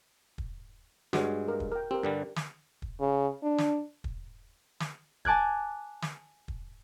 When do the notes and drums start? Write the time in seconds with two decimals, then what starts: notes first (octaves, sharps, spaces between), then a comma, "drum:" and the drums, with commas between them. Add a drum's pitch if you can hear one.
0.38 drum: kick
1.13 G2 G#3 F#4 C#5, drum: snare
1.48 A#4
1.60 drum: kick
1.72 A#4 G5
1.91 C4 G4 A#4
2.03 G2 D3 G3 A#4
2.36 drum: snare
2.82 drum: kick
3.00 C#3
3.43 D4
3.58 drum: snare
4.04 drum: kick
4.80 drum: snare
5.25 G#5 A5 D6 F#6 G#6, drum: kick
6.02 drum: snare
6.48 drum: kick